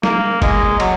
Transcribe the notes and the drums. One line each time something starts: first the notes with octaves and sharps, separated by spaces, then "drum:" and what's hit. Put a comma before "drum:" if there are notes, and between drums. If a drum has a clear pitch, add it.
A#3, drum: snare
G#3, drum: kick, cymbal
F#3, drum: cymbal